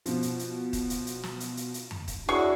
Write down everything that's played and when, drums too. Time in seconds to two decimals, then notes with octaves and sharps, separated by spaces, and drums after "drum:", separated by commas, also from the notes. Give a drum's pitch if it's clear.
0.06 B2 F3, drum: hi-hat
0.22 drum: hi-hat
0.39 drum: hi-hat
0.73 drum: kick D#1, hi-hat
0.90 drum: hi-hat
1.07 drum: hi-hat
1.23 drum: snare
1.40 drum: hi-hat
1.57 drum: hi-hat
1.74 drum: hi-hat
1.91 drum: tom F2
2.08 drum: kick D#1, hi-hat
2.29 D4 E4 F#4 G#4 C#5 C#6